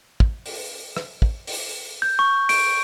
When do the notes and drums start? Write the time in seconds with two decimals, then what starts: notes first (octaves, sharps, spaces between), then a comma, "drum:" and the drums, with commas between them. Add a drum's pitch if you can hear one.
0.20 drum: kick
0.46 drum: open hi-hat
0.97 drum: rim click
1.22 drum: kick
1.47 drum: open hi-hat
2.02 G6
2.19 C#6
2.49 D7, drum: open hi-hat